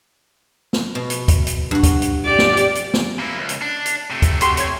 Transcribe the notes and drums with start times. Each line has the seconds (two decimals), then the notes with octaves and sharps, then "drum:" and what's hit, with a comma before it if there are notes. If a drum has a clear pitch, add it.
0.73 drum: snare
0.95 B2
1.10 drum: hi-hat
1.28 drum: kick, hi-hat
1.47 drum: hi-hat
1.71 G2 F#4
1.83 drum: kick, hi-hat
2.02 drum: hi-hat
2.25 G4 D5
2.39 drum: snare
2.57 drum: hi-hat
2.75 drum: hi-hat
2.94 drum: snare
3.19 A#3 E4
3.38 C#2
3.49 drum: hi-hat
3.61 D4
3.86 drum: hi-hat
4.10 C3 A3
4.22 drum: kick, hi-hat
4.41 F#4 G4 C6, drum: hi-hat
4.57 C#5 G#5, drum: hi-hat